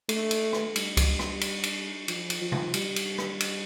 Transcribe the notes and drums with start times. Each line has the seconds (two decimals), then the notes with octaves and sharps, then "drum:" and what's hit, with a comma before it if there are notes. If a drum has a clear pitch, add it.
0.09 A3, drum: cymbal
0.31 drum: cymbal
0.53 drum: rim click
0.76 G3, drum: cymbal
0.97 drum: kick C#2, cymbal
1.19 drum: rim click
1.41 drum: cymbal
1.63 drum: cymbal
2.08 F3, drum: cymbal
2.30 drum: cymbal
2.41 F3
2.52 drum: tom C3
2.74 G3, drum: cymbal
2.96 drum: cymbal
3.18 drum: rim click
3.40 drum: cymbal